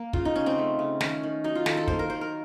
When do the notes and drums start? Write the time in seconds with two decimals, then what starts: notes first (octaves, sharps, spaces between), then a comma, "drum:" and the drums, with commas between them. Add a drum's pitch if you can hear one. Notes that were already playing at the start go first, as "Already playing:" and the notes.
Already playing: A#3
0.13 C#3 F4, drum: kick
0.25 D#4
0.36 C#3 C#4
0.46 C4
0.58 A3
0.79 C#3
1.01 D#3 C#4, drum: snare
1.23 D#3
1.44 F#3 D#4
1.55 F4
1.66 D#3 A4, drum: snare
1.77 A4
1.88 A#3 C5, drum: kick
1.99 A#4
2.10 D#3 C5
2.21 A#4